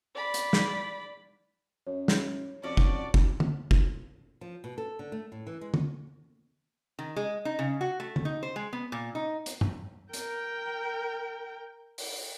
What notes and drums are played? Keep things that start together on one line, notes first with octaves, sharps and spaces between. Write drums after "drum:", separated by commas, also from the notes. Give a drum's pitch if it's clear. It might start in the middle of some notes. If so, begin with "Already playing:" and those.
D5 B5
drum: hi-hat
drum: snare
F#2 C#5
drum: snare
F2 C#4 D4 F#4 D5
drum: kick
drum: kick
drum: tom
drum: kick
F3
B2
A4
D3
A3
A2
E3
G#3
drum: tom
D#3
G#3
D#4
C#3
F#4
A3
drum: tom
D#4
C5
G#3
B3
A#2
D#4
drum: hi-hat
drum: tom G2
A#4 G5, drum: hi-hat
drum: open hi-hat